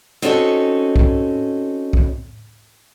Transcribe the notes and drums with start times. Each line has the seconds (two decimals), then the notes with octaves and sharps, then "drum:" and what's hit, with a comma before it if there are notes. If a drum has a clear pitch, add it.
0.22 C4 C#4 D#4 F#4 A4 C#5
0.96 drum: kick B1
1.93 drum: kick B1